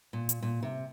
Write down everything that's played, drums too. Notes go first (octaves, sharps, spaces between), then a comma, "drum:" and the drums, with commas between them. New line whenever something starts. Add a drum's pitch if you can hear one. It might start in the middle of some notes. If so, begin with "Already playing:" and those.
A#2
drum: hi-hat
A#2
C3